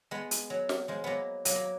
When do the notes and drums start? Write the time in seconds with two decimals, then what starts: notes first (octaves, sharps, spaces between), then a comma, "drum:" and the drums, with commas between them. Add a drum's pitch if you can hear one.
0.11 G#3 B3
0.31 drum: hi-hat
0.50 F#3
0.69 drum: snare
0.88 F3 G#3
1.04 F#3 A#3 B3
1.45 F#3 A#3, drum: hi-hat
1.56 A#3